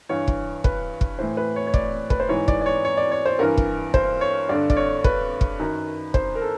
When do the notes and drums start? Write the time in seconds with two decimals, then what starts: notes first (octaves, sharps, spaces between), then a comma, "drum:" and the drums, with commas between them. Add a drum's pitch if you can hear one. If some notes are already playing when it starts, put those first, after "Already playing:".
0.09 G2 E3 C#5
0.28 drum: kick
0.64 B4, drum: kick
1.01 drum: kick
1.19 A2 E3 C5
1.37 B4
1.56 C#5
1.67 C#5
1.74 D5, drum: kick
2.10 B4, drum: kick
2.20 C5
2.29 G#2 E3 C#5
2.48 D5, drum: kick
2.61 D5
2.66 C#5
2.85 C#5
2.97 D5
3.11 C#5
3.26 C5
3.39 G2 E3 A#4
3.58 drum: kick
3.94 C5, drum: kick
4.21 C#5
4.49 G2 D3 D5
4.70 D5, drum: kick
4.77 C#5
5.04 B4, drum: kick
5.41 drum: kick
5.59 F#2 D#3
6.14 C5, drum: kick
6.35 A#4
6.41 A4